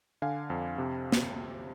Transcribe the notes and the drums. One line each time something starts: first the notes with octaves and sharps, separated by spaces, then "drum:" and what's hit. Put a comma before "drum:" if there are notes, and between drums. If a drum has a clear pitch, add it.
D3 F5 G#5
F2
C3
drum: snare